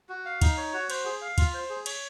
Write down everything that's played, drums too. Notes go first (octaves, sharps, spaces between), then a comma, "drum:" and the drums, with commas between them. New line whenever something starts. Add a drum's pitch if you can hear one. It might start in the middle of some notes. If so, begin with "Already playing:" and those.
F#4
F5
D#4, drum: kick, cymbal
C#5
F#4
C5, drum: cymbal
G#4
F5
F4, drum: kick, cymbal
C5
G#4
C#5, drum: cymbal